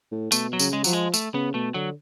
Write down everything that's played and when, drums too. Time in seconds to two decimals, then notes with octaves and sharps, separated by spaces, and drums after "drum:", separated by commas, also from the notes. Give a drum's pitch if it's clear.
0.12 A2
0.32 B2 A3, drum: tambourine
0.53 F#3
0.60 C#3, drum: tambourine
0.73 G#3
0.84 F3 F#3, drum: tambourine
0.93 G#3
1.14 A3, drum: tambourine
1.34 C#3 B3
1.54 B2 A3
1.74 D3 F#3